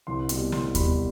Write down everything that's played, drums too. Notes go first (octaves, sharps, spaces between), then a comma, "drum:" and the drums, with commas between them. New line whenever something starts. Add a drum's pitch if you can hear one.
C2 C6
B2 G3 C6, drum: hi-hat
C2 C6, drum: snare
B2 G3 B5, drum: kick D#2, hi-hat